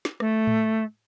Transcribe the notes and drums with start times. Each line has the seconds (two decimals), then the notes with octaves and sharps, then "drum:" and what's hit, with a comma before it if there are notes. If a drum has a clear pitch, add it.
0.05 drum: snare
0.20 A3, drum: rim click
0.47 drum: tom A2